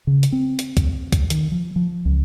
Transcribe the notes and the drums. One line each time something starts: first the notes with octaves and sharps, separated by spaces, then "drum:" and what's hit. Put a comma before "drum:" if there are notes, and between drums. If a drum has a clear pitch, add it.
C#3
drum: hi-hat
C4
drum: hi-hat
drum: kick C2, hi-hat
drum: kick C2, hi-hat
D#3, drum: hi-hat
F3
F3
C#2